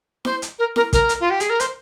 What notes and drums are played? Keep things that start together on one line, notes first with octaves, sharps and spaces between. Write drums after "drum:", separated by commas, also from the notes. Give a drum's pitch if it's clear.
C5, drum: snare E4
drum: hi-hat
A#4
A#4, drum: snare E4
A#4, drum: kick, hi-hat
drum: hi-hat
F4
G4
G#4, drum: hi-hat
A#4
C5, drum: hi-hat